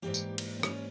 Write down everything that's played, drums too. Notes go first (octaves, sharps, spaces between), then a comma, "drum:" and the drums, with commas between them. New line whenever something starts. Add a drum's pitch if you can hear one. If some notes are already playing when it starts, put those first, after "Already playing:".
G#2 E3 G3 A#3 G4
drum: tambourine
drum: cymbal
C4
C#4, drum: rim click